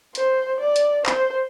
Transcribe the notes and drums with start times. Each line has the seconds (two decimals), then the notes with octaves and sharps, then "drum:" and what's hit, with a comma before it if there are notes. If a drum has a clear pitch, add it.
0.15 C5, drum: hi-hat
0.60 D5
0.76 drum: hi-hat
1.06 C5, drum: clap